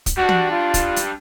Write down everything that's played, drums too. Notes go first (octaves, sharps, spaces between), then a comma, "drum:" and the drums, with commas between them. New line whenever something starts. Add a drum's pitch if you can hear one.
drum: kick, hi-hat
G3 D4 F#4
drum: tom
F4
drum: kick, hi-hat
drum: hi-hat